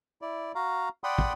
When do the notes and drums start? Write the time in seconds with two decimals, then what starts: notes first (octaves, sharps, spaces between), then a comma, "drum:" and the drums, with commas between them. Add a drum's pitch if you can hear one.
0.22 E4 D5
0.55 F#4 F5 A#5
1.04 D5 F#5 G5 B5 C6 D#6
1.19 drum: kick